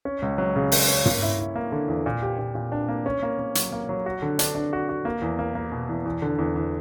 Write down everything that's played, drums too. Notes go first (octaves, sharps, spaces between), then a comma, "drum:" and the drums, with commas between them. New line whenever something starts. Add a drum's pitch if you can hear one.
C#4
C#2
F#3
C#3
C#3, drum: open hi-hat
C#4
A#3, drum: tom
E4
E4
A#3
D3
E2
A#2
G4
A#2
A#2
D4
A#3
C#4
A#3
A#3
F#3, drum: hi-hat
A#3
F#3
F#4
D3
D4, drum: hi-hat
D4
F#4
F#4
A#3
E2
A#3
A#3
B2
E2
E2
D3
E2
E2